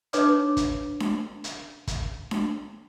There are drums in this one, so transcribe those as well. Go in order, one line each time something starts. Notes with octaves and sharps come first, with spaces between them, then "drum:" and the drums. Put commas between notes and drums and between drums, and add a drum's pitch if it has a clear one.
D4 D#4 B4 C#5 D6 D#6, drum: hi-hat
drum: kick, hi-hat
drum: snare D4
drum: hi-hat
drum: kick, hi-hat
drum: snare D4